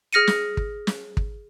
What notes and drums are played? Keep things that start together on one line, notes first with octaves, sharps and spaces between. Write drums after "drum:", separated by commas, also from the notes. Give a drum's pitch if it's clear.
G#4 F6 A#6 C#7 D#7
drum: snare
drum: kick
drum: snare
drum: kick